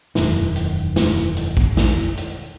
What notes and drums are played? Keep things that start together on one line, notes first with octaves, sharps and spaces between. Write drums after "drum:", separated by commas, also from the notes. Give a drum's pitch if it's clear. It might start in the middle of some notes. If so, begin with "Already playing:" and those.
E1 F#2 D#3, drum: snare
drum: hi-hat
drum: snare
drum: hi-hat
drum: kick A#1
drum: snare
drum: hi-hat